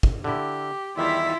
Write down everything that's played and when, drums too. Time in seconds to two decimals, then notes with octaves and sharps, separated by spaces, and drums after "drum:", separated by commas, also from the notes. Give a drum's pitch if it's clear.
0.03 drum: kick G#1
0.24 D3 E4 G4
0.97 E2 D#3 G3 E4 F4 E5